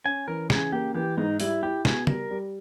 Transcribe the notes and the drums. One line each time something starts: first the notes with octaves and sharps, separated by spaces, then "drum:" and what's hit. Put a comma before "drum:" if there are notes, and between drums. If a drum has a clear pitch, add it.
C#4 G#5
E3 A#4
C#3 G#4, drum: snare
A#3 G4
E3 G4
G#2 D#4
G3 E4, drum: open hi-hat
E4 G4
B2 G#4, drum: snare
G3 A#4, drum: tom C#3
G3